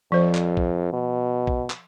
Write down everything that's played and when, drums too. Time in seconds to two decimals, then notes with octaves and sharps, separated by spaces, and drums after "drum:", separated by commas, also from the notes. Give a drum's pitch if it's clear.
0.12 F2 F3 C5
0.35 drum: clap
0.57 drum: kick
0.93 B2
1.47 drum: kick
1.70 drum: clap